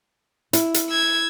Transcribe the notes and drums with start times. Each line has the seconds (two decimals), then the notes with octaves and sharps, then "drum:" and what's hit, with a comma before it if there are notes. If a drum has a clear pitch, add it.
0.53 E4, drum: hi-hat
0.74 drum: hi-hat
0.90 E6 G#6